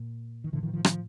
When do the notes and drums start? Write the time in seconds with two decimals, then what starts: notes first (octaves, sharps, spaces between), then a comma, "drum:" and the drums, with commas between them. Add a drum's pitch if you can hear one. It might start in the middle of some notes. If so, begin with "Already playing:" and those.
Already playing: A#2
0.44 D#3
0.52 A2 D3 E3
0.63 D#3 F3
0.73 D#3 F3
0.85 D#3 F3, drum: rim click